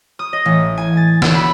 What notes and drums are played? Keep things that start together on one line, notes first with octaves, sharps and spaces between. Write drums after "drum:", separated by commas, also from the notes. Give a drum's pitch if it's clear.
D#6
D#5
A1
G#5
A6
E6, drum: snare
B5